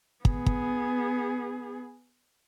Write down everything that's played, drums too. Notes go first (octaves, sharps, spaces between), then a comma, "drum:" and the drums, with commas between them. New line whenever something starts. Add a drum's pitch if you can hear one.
B3 G#4, drum: kick
drum: kick